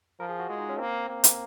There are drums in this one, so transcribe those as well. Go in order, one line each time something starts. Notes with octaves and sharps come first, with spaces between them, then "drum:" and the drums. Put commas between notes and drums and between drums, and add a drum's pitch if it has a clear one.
F3 A#4
G#4
F#4
G#3 F4
D#4
C#4
A#3 C4
A#3
drum: hi-hat